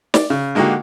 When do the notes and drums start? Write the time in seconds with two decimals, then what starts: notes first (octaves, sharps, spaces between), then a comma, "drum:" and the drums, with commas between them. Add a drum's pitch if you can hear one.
0.14 D5, drum: snare
0.30 C#3
0.55 D3 G#3 A#3 D#4 F#4 G4